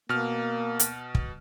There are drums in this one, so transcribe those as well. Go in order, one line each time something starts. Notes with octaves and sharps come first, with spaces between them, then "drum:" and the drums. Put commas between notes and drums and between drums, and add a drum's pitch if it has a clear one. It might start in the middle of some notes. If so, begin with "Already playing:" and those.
B2 A#3 F6
drum: hi-hat
drum: kick